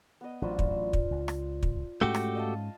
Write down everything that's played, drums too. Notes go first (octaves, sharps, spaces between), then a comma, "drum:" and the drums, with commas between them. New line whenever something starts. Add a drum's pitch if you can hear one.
B3 D#5
A1 F#3 D4 F4 C5
drum: kick
drum: kick
C#2
drum: rim click
drum: kick
G#2 G#3 A3 C#4 F#4 G4
drum: rim click
D#5 F5 A5